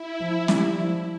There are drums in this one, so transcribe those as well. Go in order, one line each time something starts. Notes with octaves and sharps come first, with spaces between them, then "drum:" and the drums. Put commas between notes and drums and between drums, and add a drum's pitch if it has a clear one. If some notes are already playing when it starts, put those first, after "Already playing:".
Already playing: E4
F3
G3, drum: snare
F3